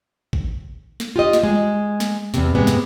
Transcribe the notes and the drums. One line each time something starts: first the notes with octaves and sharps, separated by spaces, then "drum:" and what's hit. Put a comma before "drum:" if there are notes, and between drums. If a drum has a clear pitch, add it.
drum: kick A1
drum: snare
F4 G4 D#5
drum: snare
G#3
drum: snare
E2 C3, drum: snare
G#2 C3 G#3 B3
drum: snare